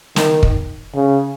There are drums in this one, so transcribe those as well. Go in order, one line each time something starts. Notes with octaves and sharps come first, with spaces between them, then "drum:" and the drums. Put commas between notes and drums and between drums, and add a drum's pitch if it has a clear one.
D#3, drum: snare
drum: kick
C#3